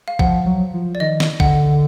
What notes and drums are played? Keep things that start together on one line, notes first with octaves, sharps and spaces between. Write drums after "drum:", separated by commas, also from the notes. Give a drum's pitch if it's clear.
F5
F3 F#5, drum: kick
F#3
F3
D5
D#3 D#5
drum: snare
D3 F#5, drum: kick